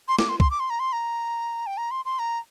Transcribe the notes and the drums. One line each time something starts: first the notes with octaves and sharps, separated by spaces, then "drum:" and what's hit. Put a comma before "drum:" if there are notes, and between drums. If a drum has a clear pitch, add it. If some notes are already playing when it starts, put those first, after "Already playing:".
C6
D6, drum: snare
C6
C6, drum: kick
D6
C6
A#5
C6
A#5
G5
A#5
C6
C6
A#5